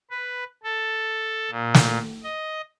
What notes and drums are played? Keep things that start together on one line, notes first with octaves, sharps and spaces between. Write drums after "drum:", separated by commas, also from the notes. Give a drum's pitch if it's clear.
B4
A4
A#2
drum: snare
D#5